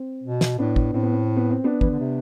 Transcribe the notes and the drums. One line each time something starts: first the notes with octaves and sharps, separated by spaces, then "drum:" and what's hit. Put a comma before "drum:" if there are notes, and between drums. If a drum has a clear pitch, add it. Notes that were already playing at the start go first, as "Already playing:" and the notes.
Already playing: C4
B2
drum: snare
A2 B3 D4
drum: kick
A2 C4
B3
C4
B3
C4
B3 D4
E3, drum: kick
D3
C3